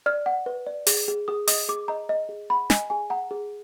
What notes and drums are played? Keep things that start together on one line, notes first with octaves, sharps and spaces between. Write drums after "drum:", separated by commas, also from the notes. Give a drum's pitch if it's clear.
D5 F6
F#5
B4
D5
G#4, drum: open hi-hat
G#4
G#4 D#6
D#5 D#6, drum: open hi-hat
G#4 D6
D#5 A#5
D#5
G#4
F#5 B5
D#5 G#5, drum: snare
G#4 G#5
F#5 A#5
G#4